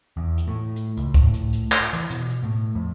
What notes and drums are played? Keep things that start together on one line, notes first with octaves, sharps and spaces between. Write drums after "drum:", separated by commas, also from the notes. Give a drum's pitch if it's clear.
E2
drum: hi-hat
A2
drum: hi-hat
C#2, drum: hi-hat
A2, drum: kick C#2, hi-hat
drum: hi-hat
drum: hi-hat
drum: clap
E3, drum: hi-hat
B2, drum: hi-hat
drum: hi-hat
A2
F2